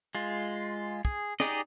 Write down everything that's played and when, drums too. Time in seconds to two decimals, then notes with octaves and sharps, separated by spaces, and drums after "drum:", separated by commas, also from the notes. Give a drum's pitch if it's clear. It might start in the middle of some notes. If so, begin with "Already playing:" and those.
0.15 G#3 F4
1.05 G#4, drum: kick
1.40 D#4 G4 G#4 D5 D#5, drum: snare